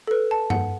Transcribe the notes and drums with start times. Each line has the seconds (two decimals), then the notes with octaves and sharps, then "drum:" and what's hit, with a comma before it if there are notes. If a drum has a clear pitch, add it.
0.07 A4
0.11 B4
0.31 A5
0.50 F#5, drum: tom